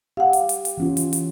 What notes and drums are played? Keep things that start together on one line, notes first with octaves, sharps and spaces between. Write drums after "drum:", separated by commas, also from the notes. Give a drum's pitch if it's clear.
G4 F5 F#5
drum: hi-hat
drum: hi-hat
drum: hi-hat
E3 C#4 F4
drum: hi-hat
drum: hi-hat